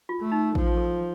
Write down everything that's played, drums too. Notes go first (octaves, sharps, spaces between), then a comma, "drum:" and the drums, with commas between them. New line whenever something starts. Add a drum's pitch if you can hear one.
F4
A3
D#4
F3, drum: kick A1
A4